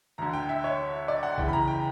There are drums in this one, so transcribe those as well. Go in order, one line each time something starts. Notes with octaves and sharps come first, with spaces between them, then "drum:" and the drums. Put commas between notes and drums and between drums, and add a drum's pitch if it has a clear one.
D2 D3 A#5
G5
E5
C#5
D5
F#5
E2 C#3 E3 G5, drum: kick B1
B5
A#5
G5